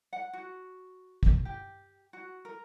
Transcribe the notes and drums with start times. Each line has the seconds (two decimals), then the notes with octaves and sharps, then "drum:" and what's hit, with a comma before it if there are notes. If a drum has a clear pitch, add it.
0.13 F#5
0.33 F#4
1.23 drum: kick
1.45 G4
2.13 F#4
2.45 A#4